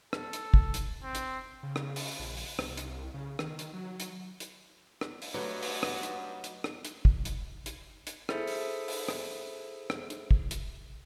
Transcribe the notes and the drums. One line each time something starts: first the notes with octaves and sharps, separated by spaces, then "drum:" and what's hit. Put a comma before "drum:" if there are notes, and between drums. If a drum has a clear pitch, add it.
A4, drum: rim click
drum: hi-hat
drum: kick
drum: hi-hat
C4
drum: hi-hat
C#3
drum: rim click
drum: open hi-hat
A#1
drum: open hi-hat
C2, drum: rim click
drum: hi-hat
C#3
D#3, drum: rim click
drum: hi-hat
F#3
drum: hi-hat
drum: hi-hat
drum: rim click
drum: open hi-hat
G2 F#3 A3 B3 F#4 D#5
drum: open hi-hat
drum: rim click
drum: hi-hat
drum: hi-hat
drum: rim click
drum: hi-hat
drum: kick
drum: hi-hat
drum: hi-hat
drum: hi-hat
E4 G#4 A4 C5 E5, drum: rim click
drum: open hi-hat
drum: open hi-hat
drum: rim click
drum: rim click
drum: hi-hat
drum: kick
drum: hi-hat